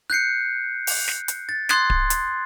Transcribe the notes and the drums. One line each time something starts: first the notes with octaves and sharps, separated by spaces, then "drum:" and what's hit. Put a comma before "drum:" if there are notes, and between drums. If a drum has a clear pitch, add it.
F#6 G6 C7 C#7
drum: open hi-hat
drum: snare
drum: hi-hat
A6
C6 D#6 F#6 G#6 A6 C7, drum: snare
drum: kick D1
drum: hi-hat